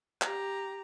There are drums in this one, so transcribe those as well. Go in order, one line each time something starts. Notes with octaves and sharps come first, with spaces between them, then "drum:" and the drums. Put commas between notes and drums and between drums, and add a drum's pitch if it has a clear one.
G4 A#5, drum: clap